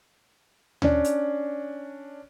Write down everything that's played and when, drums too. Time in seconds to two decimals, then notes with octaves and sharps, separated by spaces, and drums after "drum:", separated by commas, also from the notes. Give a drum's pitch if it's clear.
0.82 C#4 D4, drum: tom D2
1.04 drum: hi-hat